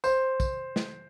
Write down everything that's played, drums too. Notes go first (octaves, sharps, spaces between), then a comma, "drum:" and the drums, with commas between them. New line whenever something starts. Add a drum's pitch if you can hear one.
C5, drum: tambourine
drum: kick, tambourine
drum: snare